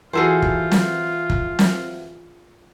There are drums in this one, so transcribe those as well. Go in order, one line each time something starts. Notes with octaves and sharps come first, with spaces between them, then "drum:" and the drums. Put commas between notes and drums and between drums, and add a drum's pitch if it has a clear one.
E3 F4 F#4 G#4 A4 C5
drum: kick
drum: snare
drum: kick
drum: snare